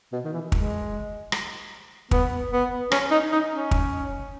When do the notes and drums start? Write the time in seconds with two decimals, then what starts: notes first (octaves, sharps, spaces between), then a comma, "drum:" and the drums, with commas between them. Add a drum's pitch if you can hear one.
0.12 B2
0.24 D#3
0.33 E3
0.52 G#3, drum: kick
1.32 drum: rim click
2.11 B3, drum: kick
2.52 B3
2.92 C#4, drum: rim click
3.11 D#4
3.32 D#4
3.51 C#4
3.71 drum: kick